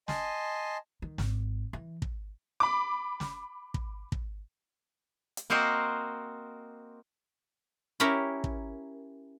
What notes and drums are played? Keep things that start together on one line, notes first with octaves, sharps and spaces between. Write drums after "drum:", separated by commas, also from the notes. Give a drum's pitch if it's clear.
D#5 G#5 A5 C6, drum: snare
D#3
G#1, drum: snare
E3
drum: kick
B5 D6
drum: snare
drum: kick
drum: kick
drum: hi-hat
A#3 C4 F#4 A#4 C5 D#5
C#4 E4 G4 A#4 C#5
drum: kick